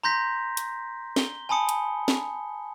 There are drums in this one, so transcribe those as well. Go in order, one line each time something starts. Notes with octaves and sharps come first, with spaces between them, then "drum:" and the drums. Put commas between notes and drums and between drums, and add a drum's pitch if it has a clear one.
A#5 C6 G6 A#6 B6
drum: hi-hat
G7, drum: snare
G#5 A5 B5 D#6 C#7
drum: hi-hat
drum: snare